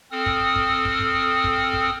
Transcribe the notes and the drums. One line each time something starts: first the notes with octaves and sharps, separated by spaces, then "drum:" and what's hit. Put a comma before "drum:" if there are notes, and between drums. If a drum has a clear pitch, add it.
C4 A4 D#6 F6
drum: kick
drum: kick
drum: kick
drum: kick
drum: kick
drum: kick